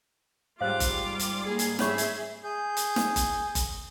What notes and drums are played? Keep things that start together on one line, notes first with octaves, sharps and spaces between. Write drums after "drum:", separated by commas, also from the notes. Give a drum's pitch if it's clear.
G#2 G3 F4 C5 F5 D6
drum: kick F#1, hi-hat
drum: hi-hat
A#3 G#4
drum: hi-hat
G4 G#4 C#5 E5 B5, drum: snare
drum: hi-hat
G#4 G6
drum: hi-hat
drum: snare
drum: kick F#1, hi-hat
drum: kick F#1, hi-hat